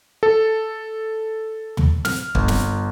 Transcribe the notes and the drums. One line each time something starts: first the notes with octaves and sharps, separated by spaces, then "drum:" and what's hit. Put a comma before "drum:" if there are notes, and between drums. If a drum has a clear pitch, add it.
A4
drum: tom
F6, drum: snare
G1, drum: kick
drum: snare